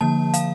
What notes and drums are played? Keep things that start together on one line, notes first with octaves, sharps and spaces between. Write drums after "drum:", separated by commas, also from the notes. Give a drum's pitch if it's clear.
D3 F3 A#3 A5
F5, drum: hi-hat